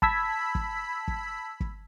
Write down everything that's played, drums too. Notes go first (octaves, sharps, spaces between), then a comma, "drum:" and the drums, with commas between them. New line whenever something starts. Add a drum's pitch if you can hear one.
A5 B5 E6 G#6 B6, drum: kick
drum: kick
drum: kick
drum: kick